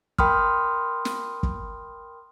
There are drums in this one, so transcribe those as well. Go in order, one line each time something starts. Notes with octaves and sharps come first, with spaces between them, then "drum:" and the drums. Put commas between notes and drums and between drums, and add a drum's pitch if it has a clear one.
A#4 G5 B5 C6 D#6 F6, drum: kick
drum: snare
drum: kick